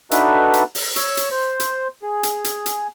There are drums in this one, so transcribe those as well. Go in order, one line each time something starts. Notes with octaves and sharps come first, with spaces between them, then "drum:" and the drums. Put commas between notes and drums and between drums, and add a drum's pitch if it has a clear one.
D4 D#4 F#4 A4 B4 E5, drum: hi-hat
drum: hi-hat
drum: open hi-hat
C#5 E6, drum: hi-hat
drum: hi-hat
C5
drum: hi-hat
G#4
drum: hi-hat
drum: hi-hat
drum: hi-hat